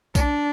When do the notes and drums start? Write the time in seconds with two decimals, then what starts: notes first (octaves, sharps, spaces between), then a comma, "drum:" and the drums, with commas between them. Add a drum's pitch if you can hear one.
0.15 D4, drum: kick B1, tambourine